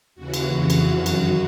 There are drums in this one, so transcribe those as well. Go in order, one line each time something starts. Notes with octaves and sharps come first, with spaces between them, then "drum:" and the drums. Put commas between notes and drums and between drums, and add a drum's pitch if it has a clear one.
D#2 C#3 E3 F#4
drum: cymbal
F2 C#3 E3
drum: cymbal
F#2 D#3
drum: cymbal